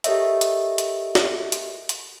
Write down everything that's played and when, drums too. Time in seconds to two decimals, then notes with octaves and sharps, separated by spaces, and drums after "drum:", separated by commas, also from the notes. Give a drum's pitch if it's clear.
0.04 G4 A4 A#4 C#5 D#5 E5, drum: hi-hat
0.41 drum: hi-hat
0.78 drum: hi-hat
1.15 drum: snare
1.52 drum: hi-hat
1.89 drum: hi-hat